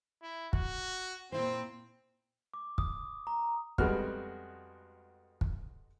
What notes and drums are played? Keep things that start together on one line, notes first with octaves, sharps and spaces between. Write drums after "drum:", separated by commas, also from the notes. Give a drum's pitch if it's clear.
E4
F#4, drum: kick
A#2 C4 E4 C5
D6
D#6, drum: kick
A#5
F2 G3 G#3 B3 F#4 F6, drum: kick
drum: kick